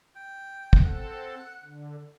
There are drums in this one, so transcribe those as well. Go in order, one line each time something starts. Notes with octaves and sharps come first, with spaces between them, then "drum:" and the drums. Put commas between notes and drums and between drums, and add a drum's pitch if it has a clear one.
G5
drum: kick
C4 A4 F#5
D3